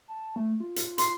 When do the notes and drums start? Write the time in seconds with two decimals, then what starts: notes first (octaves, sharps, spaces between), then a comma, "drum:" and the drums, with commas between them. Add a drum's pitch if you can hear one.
0.08 A5
0.36 A3
0.60 F4
0.76 drum: hi-hat
0.98 C6, drum: hi-hat